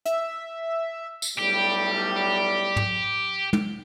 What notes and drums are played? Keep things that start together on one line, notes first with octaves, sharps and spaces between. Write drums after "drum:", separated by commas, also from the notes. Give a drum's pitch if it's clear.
E5, drum: hi-hat
drum: tambourine
B1 A2 G3 G4
drum: tom
drum: tom